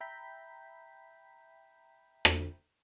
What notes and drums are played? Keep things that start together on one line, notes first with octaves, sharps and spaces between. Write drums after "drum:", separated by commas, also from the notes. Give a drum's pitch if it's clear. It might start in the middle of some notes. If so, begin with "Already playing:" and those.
E5 G5 A#5 B5 G6 B6
drum: rim click